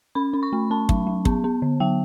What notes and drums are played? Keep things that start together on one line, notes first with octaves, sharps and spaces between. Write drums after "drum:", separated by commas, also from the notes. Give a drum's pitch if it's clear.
C#4 B5
C#4
C#6
A3
C#4 A5
F#3, drum: kick
F#3
B3, drum: kick
B3
D3
F#3 G5